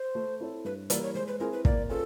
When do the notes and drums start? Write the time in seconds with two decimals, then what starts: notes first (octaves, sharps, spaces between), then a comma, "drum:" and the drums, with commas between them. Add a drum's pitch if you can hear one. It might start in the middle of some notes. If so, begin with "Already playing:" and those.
Already playing: C5
0.15 A3
0.40 C4 E4 A4 C#5
0.65 G2 B4
0.90 E3 G3 A#3 D5, drum: hi-hat
1.02 C#5
1.15 G#3 C5
1.28 B4
1.40 C4 E4 G#4 A#4
1.53 B4
1.65 A#3 D5, drum: kick
1.90 C#4 F4 G#4 A4 B4